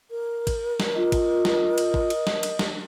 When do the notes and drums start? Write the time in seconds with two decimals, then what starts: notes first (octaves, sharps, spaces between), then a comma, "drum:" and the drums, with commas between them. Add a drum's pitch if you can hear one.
0.11 A#4
0.47 drum: kick, cymbal
0.80 drum: snare
0.96 F4 D#5
1.12 drum: kick, cymbal
1.45 drum: snare
1.78 drum: cymbal
1.94 drum: kick
2.10 drum: cymbal
2.27 drum: snare
2.43 drum: cymbal
2.59 drum: snare